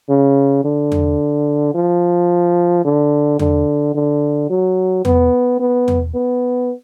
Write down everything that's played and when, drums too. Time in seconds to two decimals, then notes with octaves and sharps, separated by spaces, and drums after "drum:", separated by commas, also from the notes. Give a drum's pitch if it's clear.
0.09 C#3
0.64 D3
0.92 drum: tom E2
1.74 F3
2.85 D3
3.39 D3, drum: tom E2
3.95 D3
4.50 F#3
5.05 B3, drum: tom E2
5.60 B3
5.88 drum: tom E2
6.15 B3